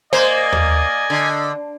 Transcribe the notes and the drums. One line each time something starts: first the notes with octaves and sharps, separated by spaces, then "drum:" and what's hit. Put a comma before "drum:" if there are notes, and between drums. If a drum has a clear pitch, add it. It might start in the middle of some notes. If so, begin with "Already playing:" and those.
A#3 C5 D5 D#5 G#5
drum: tom D#2
D3